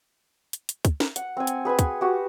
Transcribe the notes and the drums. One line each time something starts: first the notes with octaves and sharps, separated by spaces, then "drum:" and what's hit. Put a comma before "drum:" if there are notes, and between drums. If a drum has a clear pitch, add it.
drum: hi-hat
drum: hi-hat
drum: kick, hi-hat
drum: snare
F#5, drum: hi-hat
C4 G#5
drum: hi-hat
G#4 B4 F#5 G#5
drum: kick, hi-hat
F#4 G4